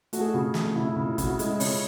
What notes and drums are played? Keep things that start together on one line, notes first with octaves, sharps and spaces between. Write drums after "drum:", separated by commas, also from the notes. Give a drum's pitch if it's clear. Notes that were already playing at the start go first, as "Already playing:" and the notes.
A3 F#4, drum: hi-hat
G#4
F#4
C#3
A3, drum: snare
C#3 E4
C#3
E4
C#3 F#4, drum: kick, hi-hat
G#3 E4, drum: hi-hat
C#3 C#5, drum: open hi-hat